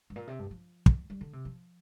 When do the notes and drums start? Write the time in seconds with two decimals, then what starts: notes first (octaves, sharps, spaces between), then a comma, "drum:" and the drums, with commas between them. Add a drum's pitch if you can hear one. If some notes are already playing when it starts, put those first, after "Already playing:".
0.10 G2
0.16 A#2
0.27 C3
0.39 G2
0.51 F3
0.86 drum: kick
1.10 G3
1.21 D3
1.33 C3
1.45 F3